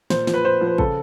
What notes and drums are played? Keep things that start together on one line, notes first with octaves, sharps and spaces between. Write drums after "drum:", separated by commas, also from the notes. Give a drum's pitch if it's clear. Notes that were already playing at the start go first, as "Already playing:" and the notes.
A#2 C5, drum: snare
F3, drum: snare
B4
A#2 C5
F3
B4
C#3 A4, drum: kick